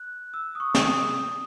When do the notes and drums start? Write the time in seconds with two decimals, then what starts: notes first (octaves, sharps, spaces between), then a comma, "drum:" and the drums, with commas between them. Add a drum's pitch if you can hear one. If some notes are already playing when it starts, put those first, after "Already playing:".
Already playing: F#6
0.34 E6
0.55 D#6
0.60 C#6
0.75 drum: snare
0.86 D#6